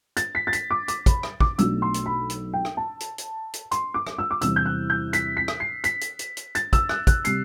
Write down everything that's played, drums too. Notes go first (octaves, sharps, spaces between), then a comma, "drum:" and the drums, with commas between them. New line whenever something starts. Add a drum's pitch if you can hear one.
A6, drum: hi-hat
B6
A6
B6, drum: hi-hat
D6
D6, drum: hi-hat
B5, drum: kick, hi-hat
drum: rim click
D6, drum: kick
B1 B2 A3 D4 E6, drum: hi-hat
C6
drum: hi-hat
B5
drum: hi-hat
G5
drum: rim click
A5
drum: hi-hat
drum: hi-hat
drum: hi-hat
C6, drum: hi-hat
D6
drum: rim click
E6
D6
E2 C3 G3 C4 E4 E6, drum: hi-hat
G6
F#6
G6
B6, drum: hi-hat
B6
drum: rim click
C7
B6, drum: hi-hat
drum: hi-hat
drum: hi-hat
drum: hi-hat
A6, drum: hi-hat
E6, drum: kick, hi-hat
F#6, drum: rim click
F#6, drum: kick, hi-hat
C3 G3 C7, drum: hi-hat